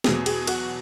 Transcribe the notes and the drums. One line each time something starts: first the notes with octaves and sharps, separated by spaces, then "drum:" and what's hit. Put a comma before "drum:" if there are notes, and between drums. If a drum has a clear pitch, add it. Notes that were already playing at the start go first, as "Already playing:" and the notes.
E2 B2 F#3 G#4, drum: snare
G#4, drum: cymbal
F#4, drum: cymbal